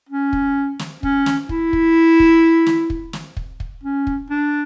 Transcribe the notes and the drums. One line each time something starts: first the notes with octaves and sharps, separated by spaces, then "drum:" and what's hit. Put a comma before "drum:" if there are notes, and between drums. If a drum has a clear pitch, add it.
C#4
drum: kick
drum: snare
C#4, drum: kick
drum: snare
E4, drum: kick
drum: kick
drum: kick
drum: snare
drum: kick
drum: snare
drum: kick
drum: kick
C#4
drum: kick
D4